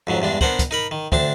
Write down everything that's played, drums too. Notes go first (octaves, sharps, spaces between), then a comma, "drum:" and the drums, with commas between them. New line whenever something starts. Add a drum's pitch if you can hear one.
F2 G#2 F#3
E2 G2 G#3 D4
B3 D4 A#4 C5 F#5, drum: kick
drum: kick, hi-hat
D#4 A#4 B5
D#3
D2 C4 D4 A5, drum: kick